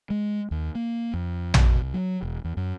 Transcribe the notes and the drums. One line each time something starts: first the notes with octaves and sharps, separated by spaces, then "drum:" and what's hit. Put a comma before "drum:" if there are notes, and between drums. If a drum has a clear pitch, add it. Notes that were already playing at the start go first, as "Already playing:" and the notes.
G#3
D#2
A#3
F2
B2, drum: tom
C2
F#3
E1
E2
F#2